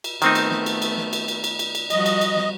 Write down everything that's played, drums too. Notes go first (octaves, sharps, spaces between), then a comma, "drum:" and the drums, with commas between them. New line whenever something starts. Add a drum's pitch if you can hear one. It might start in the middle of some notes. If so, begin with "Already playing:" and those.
drum: cymbal
D#3 A3 B3 C4 D#4, drum: cymbal
drum: cymbal
drum: snare
drum: cymbal
drum: cymbal
drum: snare
drum: cymbal
drum: cymbal
drum: cymbal
drum: cymbal
drum: cymbal
F3 G3 F#4 D#5, drum: cymbal
drum: cymbal
drum: cymbal
drum: snare